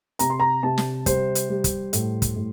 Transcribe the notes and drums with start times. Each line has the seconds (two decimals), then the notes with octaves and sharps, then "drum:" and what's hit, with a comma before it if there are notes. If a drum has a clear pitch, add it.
0.19 C3 A#5, drum: hi-hat
0.30 C6
0.40 A#5
0.63 C3 A5
0.78 drum: snare
1.06 G3 C5, drum: kick, hi-hat
1.35 drum: hi-hat
1.49 G3
1.64 drum: kick, hi-hat
1.93 A2, drum: hi-hat
2.22 drum: kick, hi-hat
2.36 A2